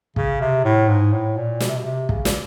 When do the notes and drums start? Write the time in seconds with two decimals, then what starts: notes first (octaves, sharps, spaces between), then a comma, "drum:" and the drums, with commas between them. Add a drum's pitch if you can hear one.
0.16 C#3, drum: kick
0.41 C3
0.64 A2
0.89 G#2
1.13 A2
1.37 A#2
1.60 B2, drum: snare
1.69 C3
1.76 B2
1.85 C3
2.09 C#3, drum: kick
2.25 drum: snare